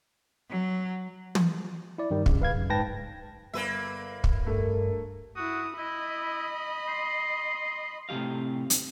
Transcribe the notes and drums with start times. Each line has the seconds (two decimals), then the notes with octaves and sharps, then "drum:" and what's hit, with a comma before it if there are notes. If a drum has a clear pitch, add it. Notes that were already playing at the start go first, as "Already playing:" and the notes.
0.49 F#3
1.35 drum: tom
1.98 E4 D5
2.10 G2 D#3 G3
2.26 C#3, drum: kick
2.42 B4 F5 G#6
2.56 F#2
2.70 G#2 B4 G5 A5 A#6
3.54 G1 A#3 B4 E5
4.24 drum: kick
4.47 G2 A3 A4 A#4
5.37 E4 F#4 D#6
5.78 E4 D#5 B5
6.88 C6
8.09 A2 C3 F#3 G4 F5
8.70 drum: hi-hat